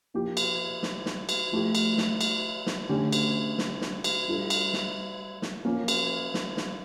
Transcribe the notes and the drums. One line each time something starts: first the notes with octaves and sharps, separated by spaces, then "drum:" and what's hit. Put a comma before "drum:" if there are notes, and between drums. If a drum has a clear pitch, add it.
F3 A#3 E4 G4
drum: cymbal
drum: snare
drum: snare
drum: cymbal
F3 A3 E4 G4
drum: cymbal
drum: snare
drum: cymbal
drum: snare
D3 A3 C#4 G4
drum: cymbal
drum: snare
drum: snare
drum: cymbal
G3 D4 F4 A4
drum: cymbal
drum: snare
drum: snare
F3 A#3 C#4
drum: cymbal
drum: snare
drum: snare